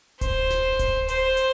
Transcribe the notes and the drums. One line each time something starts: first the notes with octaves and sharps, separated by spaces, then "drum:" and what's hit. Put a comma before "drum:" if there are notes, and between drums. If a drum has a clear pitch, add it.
C5, drum: kick D1, hi-hat
drum: snare F1
drum: kick D1, hi-hat
C5, drum: hi-hat
drum: hi-hat